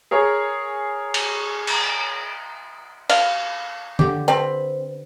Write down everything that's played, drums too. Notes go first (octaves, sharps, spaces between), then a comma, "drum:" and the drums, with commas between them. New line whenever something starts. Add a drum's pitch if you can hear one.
G#4 A#4 C#5
drum: cymbal
drum: cymbal
F5, drum: cymbal
D3 G4, drum: tom
C4 B4